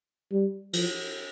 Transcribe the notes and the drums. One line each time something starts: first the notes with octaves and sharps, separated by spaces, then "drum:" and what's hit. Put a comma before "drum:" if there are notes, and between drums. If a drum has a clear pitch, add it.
G3
F3, drum: cymbal